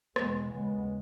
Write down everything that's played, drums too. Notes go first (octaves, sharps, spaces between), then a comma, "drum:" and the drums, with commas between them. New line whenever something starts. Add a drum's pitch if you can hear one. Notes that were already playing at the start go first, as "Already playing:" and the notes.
E2 B2 G#3 B3, drum: rim click
D#2 C#3 G#3 B3